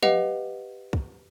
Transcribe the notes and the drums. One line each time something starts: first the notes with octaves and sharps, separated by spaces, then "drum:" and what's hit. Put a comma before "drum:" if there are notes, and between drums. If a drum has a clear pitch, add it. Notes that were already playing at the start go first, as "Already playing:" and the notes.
G4 B4 D#5 F5 F#5, drum: tom F3
drum: kick